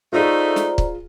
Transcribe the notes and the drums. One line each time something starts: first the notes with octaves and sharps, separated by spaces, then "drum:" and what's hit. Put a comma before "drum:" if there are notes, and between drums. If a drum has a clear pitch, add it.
A3 D#4 F4 G#4 C5 D5 A#5
drum: snare
drum: kick